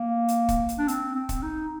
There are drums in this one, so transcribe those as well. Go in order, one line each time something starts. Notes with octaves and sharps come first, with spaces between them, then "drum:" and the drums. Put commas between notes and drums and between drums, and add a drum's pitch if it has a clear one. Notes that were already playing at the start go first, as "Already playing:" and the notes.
Already playing: A#3
drum: hi-hat
drum: kick, hi-hat
drum: hi-hat
D4
C4, drum: hi-hat
C4
drum: kick, hi-hat
D#4